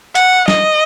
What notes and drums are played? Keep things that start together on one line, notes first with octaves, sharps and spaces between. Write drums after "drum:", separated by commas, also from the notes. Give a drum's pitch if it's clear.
F#5, drum: hi-hat
D#5, drum: snare